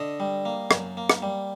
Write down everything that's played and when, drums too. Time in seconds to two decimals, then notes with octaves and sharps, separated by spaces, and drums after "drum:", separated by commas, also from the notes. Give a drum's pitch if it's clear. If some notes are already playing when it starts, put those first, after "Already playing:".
Already playing: D3 D#5
0.20 G3
0.45 A#3
0.71 F#2, drum: rim click
0.97 A#3
1.10 drum: rim click
1.22 G3